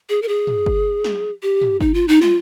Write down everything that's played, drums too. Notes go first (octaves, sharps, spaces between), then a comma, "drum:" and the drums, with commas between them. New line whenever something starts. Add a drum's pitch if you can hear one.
G#4
A#4
G#4
drum: tom
drum: kick G1
drum: snare
G4
drum: tom
D#4, drum: kick G1
F4
D#4
F4, drum: snare